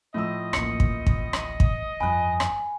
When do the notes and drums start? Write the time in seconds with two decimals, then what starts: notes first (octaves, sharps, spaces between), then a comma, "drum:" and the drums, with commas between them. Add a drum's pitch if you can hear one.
0.14 A2 F3 D#5 E6
0.53 D1 A1 A#3 C#7, drum: rim click
0.80 drum: kick
1.06 drum: kick
1.33 drum: rim click
1.60 drum: kick
2.00 G1 F2 F3 G#5 B5 F#6
2.40 drum: rim click